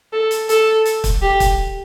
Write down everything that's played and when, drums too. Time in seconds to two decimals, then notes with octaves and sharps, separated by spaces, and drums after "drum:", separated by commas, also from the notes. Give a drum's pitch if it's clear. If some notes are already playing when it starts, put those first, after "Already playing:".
0.13 A4
0.31 drum: hi-hat
0.49 A4, drum: hi-hat
0.85 drum: hi-hat
1.04 drum: kick, hi-hat
1.22 G4
1.40 drum: kick, hi-hat